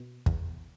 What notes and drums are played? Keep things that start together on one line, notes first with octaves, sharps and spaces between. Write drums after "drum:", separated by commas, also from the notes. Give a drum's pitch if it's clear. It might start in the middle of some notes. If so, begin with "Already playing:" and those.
Already playing: B2
E2, drum: kick